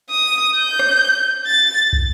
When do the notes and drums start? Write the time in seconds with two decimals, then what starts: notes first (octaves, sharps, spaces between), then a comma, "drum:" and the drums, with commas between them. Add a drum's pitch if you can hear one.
0.11 D#6
0.57 G6
0.79 drum: rim click
1.47 A6
1.93 drum: kick